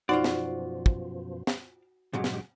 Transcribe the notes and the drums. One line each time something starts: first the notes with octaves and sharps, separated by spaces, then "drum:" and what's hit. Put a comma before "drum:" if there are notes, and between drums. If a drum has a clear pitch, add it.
F#2 B2 F3 D#4 F4 F#4 C5 D5
drum: snare
drum: kick
drum: snare
G2 A#2 C#3 F#3 G#3 G4
drum: snare